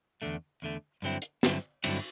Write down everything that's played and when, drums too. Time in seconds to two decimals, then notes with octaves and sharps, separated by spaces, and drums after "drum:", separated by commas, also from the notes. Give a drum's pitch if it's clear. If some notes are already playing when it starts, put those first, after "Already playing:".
0.22 E2 D3 A3
0.62 E2 D3 A3
1.02 G2 D3 F#3 C4 E4
1.22 drum: hi-hat
1.43 G2 D3 F#3 C4 E4, drum: snare
1.84 G2 D3 F#3 C4 E4, drum: cymbal